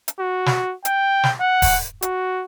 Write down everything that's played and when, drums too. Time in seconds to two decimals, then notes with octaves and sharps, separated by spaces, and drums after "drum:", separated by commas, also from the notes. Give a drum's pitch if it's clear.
0.08 drum: hi-hat
0.19 F#4
0.46 drum: snare
0.85 G5, drum: hi-hat
1.23 drum: snare
1.40 F#5
1.62 drum: kick D#1, open hi-hat
2.02 F#4, drum: hi-hat